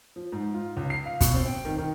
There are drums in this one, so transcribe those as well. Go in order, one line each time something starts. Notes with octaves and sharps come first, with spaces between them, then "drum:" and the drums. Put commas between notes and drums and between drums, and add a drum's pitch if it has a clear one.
F3
G#2
F4
C#2
C7
F5
B2, drum: kick, hi-hat
C4
G5
D#3
D#3